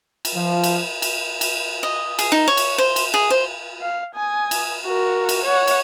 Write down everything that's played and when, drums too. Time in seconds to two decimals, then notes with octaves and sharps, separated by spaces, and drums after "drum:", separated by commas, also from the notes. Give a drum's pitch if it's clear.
0.25 drum: cymbal
0.35 F3
0.64 drum: cymbal
1.02 drum: cymbal
1.41 drum: cymbal
1.83 D#5
2.19 G#4, drum: cymbal
2.32 D#4
2.48 C#5
2.57 drum: cymbal
2.78 C5
2.96 drum: cymbal
3.14 G#4
3.30 C5
3.82 F5
4.15 G#5 D#6
4.51 drum: cymbal
4.86 F#4 A#4
5.29 drum: cymbal
5.45 C#5 F#5
5.67 drum: cymbal